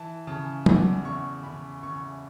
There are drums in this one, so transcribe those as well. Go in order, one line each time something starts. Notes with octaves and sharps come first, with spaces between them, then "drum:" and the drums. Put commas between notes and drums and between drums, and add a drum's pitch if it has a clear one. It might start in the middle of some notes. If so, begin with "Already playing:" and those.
Already playing: E3 A5
C#3 A5
E2 B5, drum: tom F#3
E2 C#6
C#3 B5
C#3 C#6